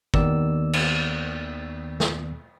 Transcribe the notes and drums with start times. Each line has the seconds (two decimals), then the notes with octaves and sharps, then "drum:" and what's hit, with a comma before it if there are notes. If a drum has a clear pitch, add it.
0.14 D#2 D#3 B3 D5 E6, drum: kick
0.73 drum: cymbal
2.00 drum: snare